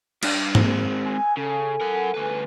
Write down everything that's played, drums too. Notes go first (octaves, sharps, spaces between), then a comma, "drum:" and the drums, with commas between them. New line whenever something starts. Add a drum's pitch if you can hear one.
G2 D4, drum: cymbal
G#3 C4, drum: tom
G#5
C#3 A4 G#5
A#4 F#5
D2 B4